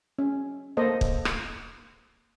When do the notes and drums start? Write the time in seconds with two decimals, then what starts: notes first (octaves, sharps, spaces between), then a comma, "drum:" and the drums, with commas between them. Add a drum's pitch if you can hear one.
0.19 C#4
0.77 A#3 A4 C5 D#5
1.01 drum: kick
1.25 drum: rim click